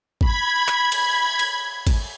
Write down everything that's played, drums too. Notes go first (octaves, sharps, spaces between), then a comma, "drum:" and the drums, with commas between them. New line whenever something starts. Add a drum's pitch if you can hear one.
B5 G#6, drum: kick G#1
drum: clap
drum: cymbal
drum: cymbal
drum: kick G#1, cymbal